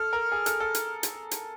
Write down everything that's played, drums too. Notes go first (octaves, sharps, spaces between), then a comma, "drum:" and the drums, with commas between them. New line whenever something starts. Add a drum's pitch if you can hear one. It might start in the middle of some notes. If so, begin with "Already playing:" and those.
Already playing: A4 F6
A#4
G#4
A4, drum: hi-hat
A4
drum: hi-hat
drum: hi-hat
drum: hi-hat